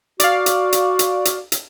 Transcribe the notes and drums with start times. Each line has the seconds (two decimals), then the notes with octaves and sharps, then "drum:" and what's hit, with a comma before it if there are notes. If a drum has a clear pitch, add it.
0.20 F#4 D5 F5, drum: hi-hat
0.46 drum: hi-hat
0.73 drum: hi-hat
0.99 drum: hi-hat
1.25 drum: hi-hat
1.52 drum: hi-hat